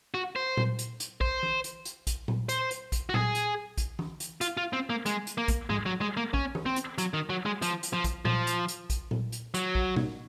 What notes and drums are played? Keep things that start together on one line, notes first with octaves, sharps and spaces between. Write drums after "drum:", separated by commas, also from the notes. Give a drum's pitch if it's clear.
F#4
C5
drum: tom A#2
drum: hi-hat
drum: hi-hat
C5, drum: kick
drum: tom E3
drum: hi-hat
drum: hi-hat
drum: kick, hi-hat
drum: tom A#2
C5, drum: hi-hat
drum: hi-hat
drum: kick, hi-hat
F#4
G#4, drum: tom A#2
drum: hi-hat
drum: kick, hi-hat
drum: tom E3
drum: hi-hat
F4, drum: hi-hat
F4
C4
A#3
G#3, drum: hi-hat
drum: hi-hat
A#3
drum: kick, hi-hat
G#3, drum: tom G#2
F#3
G#3
A#3
C#4, drum: kick
drum: tom E3
C4
drum: hi-hat
F#3, drum: hi-hat
D#3
F#3
G#3
F3, drum: hi-hat
drum: hi-hat
F3
drum: kick, hi-hat
F3, drum: tom A#2
drum: hi-hat
drum: hi-hat
drum: kick, hi-hat
drum: tom A#2
drum: hi-hat
F#3, drum: hi-hat
drum: kick
drum: tom B2